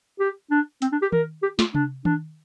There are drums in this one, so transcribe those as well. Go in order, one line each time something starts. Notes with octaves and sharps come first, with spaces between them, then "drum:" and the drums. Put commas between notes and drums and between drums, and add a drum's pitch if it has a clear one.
G4
D4
C4, drum: hi-hat
D4
G4
A#4, drum: tom D#3
G4
F4, drum: snare
D4, drum: tom C3
D4, drum: tom D#3